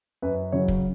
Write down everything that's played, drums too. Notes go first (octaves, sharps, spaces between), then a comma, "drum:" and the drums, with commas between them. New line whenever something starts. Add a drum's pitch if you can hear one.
F#2 B4
C#3 F#3 C#5
drum: kick